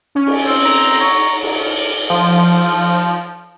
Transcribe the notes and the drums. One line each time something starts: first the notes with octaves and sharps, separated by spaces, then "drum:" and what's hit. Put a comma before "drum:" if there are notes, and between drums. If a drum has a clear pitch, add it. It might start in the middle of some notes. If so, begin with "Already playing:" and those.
C#4
drum: cymbal
C4, drum: open hi-hat
A#5
C#5
drum: cymbal
F3